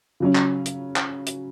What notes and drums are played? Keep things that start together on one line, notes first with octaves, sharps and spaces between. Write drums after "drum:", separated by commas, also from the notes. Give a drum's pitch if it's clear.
C#3 F#3 C#4
drum: clap
drum: hi-hat
drum: clap
drum: hi-hat